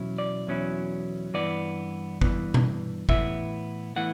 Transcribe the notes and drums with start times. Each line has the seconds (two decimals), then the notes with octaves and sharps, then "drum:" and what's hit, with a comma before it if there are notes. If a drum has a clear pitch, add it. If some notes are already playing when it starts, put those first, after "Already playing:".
Already playing: E2 B2 F#3 C#4 E4
0.18 D5
0.47 E2 B2 F#3 C#4 E4
1.34 G2 E3 B3 D5
2.21 G2 E3 B3, drum: kick
2.54 drum: tom B2
3.09 A2 E3 B3 E4 E5, drum: kick
3.96 A2 E3 B3 E4 F#5